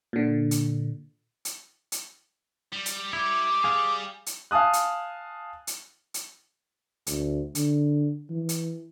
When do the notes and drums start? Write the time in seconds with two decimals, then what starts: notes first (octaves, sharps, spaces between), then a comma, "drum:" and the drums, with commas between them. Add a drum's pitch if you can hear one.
0.13 A#2 D3
0.51 drum: hi-hat
1.45 drum: hi-hat
1.92 drum: hi-hat
2.73 G3
2.86 drum: hi-hat
3.13 E4 D6
3.64 G#4 F5
4.26 drum: hi-hat
4.51 F5 G#5 A5 D#6 F#6
4.73 drum: hi-hat
5.67 drum: hi-hat
6.14 drum: hi-hat
7.07 D2, drum: hi-hat
7.55 D3, drum: hi-hat
8.29 E3
8.49 drum: hi-hat